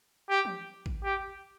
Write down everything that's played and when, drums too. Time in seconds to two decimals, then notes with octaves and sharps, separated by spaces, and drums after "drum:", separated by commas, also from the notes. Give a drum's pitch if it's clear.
0.29 G4
0.45 drum: tom E3
0.86 drum: kick
1.04 G4